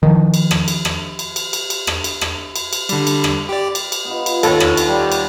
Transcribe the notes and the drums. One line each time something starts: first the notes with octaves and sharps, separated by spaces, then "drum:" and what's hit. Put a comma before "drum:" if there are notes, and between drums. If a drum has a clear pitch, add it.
D#3 F3
drum: cymbal
drum: rim click
drum: cymbal
drum: rim click
drum: cymbal
drum: cymbal
drum: cymbal
drum: cymbal
drum: rim click
drum: cymbal
drum: rim click
drum: cymbal
drum: cymbal
D3 G3, drum: cymbal
drum: cymbal
drum: rim click
G4 D5
drum: cymbal
drum: cymbal
B3 D#4 F4
drum: cymbal
D#2 A4 B4 C#5, drum: cymbal
drum: rim click
drum: cymbal
G3
drum: cymbal